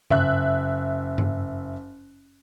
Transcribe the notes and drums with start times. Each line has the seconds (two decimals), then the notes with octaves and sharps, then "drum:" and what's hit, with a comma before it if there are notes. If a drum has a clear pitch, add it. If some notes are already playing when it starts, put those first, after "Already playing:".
0.10 F#1 E5 F#6, drum: tom G2
1.18 drum: tom G2